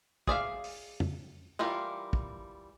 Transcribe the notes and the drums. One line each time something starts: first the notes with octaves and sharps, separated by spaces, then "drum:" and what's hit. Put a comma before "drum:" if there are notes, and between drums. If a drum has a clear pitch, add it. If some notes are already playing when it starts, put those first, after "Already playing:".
G#4 D5 E5 F5, drum: kick
drum: open hi-hat
drum: tom F2
E3 G3 F4 A#4
drum: kick